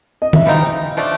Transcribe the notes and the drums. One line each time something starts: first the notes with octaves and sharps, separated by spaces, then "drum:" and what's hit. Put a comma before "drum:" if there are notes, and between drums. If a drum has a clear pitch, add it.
D#5
E5, drum: tom
E3 G3 C4 D#4 F5
D3 F3 A3 D4